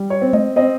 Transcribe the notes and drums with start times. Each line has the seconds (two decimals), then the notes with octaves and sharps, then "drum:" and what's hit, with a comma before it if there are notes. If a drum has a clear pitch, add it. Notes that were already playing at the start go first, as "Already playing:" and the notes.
Already playing: G3
0.10 C#5
0.22 C4
0.33 D#5, drum: tom G#3
0.56 C4 D#5